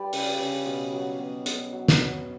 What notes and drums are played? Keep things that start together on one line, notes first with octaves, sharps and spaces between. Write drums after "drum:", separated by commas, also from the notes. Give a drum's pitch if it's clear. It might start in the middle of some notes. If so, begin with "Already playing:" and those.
Already playing: G3 G4 B4 D5
C#3, drum: open hi-hat
C#3
B2
F#3
B2
B2, drum: hi-hat
F#3
drum: snare
B2